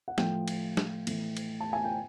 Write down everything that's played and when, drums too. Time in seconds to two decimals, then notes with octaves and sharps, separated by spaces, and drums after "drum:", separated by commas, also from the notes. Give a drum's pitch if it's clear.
0.08 F#5
0.18 A2 F3 G5, drum: snare
0.48 drum: cymbal
0.77 drum: snare
1.07 A2 E3, drum: cymbal
1.37 drum: cymbal
1.61 A5
1.73 G#5
1.84 G5